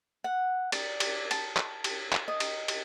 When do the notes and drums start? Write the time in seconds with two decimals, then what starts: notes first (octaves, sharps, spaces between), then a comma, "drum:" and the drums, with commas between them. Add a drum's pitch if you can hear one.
0.24 F#5
0.72 D5, drum: cymbal
1.00 drum: cymbal
1.31 A5, drum: cymbal
1.56 drum: clap
1.84 drum: cymbal
2.12 drum: clap
2.28 D#5
2.40 drum: cymbal
2.68 drum: cymbal